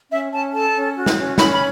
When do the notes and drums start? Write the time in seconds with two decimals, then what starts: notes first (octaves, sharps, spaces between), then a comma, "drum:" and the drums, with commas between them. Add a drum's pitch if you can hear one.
0.11 C#4 E5
0.32 C#4 A5
0.53 A4 A5
0.75 C#4
0.96 F#4
1.06 drum: snare
1.17 C#4
1.38 C#4 B5, drum: snare
1.53 B5